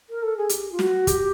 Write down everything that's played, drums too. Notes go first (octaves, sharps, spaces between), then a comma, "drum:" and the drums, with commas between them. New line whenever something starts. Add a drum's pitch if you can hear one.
A#4
A4
G#4
G4, drum: hi-hat
F4
F#4, drum: snare
G4, drum: kick, hi-hat